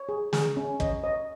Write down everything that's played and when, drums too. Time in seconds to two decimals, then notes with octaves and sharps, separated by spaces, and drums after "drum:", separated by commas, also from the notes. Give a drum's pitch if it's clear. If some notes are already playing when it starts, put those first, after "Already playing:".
Already playing: C#5
0.09 G#4
0.33 G#4, drum: snare
0.57 C#4
0.80 C#5 D#5, drum: kick
1.04 C#5 D#5